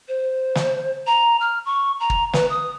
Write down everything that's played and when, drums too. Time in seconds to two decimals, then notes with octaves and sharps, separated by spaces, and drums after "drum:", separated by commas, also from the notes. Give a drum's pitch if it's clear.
0.08 C5
0.55 drum: snare
1.07 A#5
1.41 F6
1.66 C#6
2.00 A#5
2.10 drum: kick
2.33 B4, drum: snare
2.50 D#6